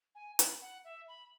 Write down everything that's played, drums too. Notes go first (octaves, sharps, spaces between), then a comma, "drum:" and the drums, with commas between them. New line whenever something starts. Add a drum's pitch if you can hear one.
G#5
B5, drum: hi-hat
F#5
E5
B5